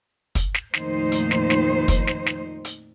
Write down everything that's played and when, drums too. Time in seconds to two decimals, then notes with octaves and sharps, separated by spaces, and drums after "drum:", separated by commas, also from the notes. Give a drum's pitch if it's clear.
0.35 drum: kick, hi-hat
0.54 drum: snare
0.74 F2 A#2 D#3 A3 D#4 C5, drum: snare
1.12 drum: hi-hat
1.31 drum: snare
1.50 drum: snare
1.88 drum: kick, hi-hat
2.07 drum: snare
2.26 drum: snare
2.65 drum: hi-hat